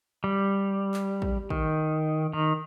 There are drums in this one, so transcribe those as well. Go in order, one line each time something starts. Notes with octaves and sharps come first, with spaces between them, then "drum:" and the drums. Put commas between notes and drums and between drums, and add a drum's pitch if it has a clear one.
G3
drum: clap
drum: kick
D#3, drum: kick
D#3